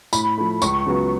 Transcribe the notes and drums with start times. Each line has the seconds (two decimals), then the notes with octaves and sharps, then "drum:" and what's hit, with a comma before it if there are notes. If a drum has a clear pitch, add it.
0.13 A2 B5, drum: tambourine
0.38 F3 A3
0.62 C#2 C#6, drum: tambourine
0.86 C#3 F#3 B3